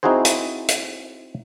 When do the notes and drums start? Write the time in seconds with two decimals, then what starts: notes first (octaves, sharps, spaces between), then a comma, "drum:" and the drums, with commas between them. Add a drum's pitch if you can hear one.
0.03 C4 D#4 E4 F#4 G#4 C5
0.25 drum: hi-hat
0.68 drum: hi-hat